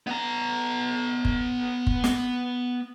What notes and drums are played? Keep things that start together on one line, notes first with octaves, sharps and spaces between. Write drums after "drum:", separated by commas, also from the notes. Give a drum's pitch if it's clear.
B3 A#5
drum: kick
drum: kick
drum: snare